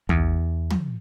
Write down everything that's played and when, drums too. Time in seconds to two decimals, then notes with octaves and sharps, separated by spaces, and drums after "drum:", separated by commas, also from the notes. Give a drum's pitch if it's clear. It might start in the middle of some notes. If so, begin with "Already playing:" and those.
0.09 E2, drum: tom
0.70 drum: tom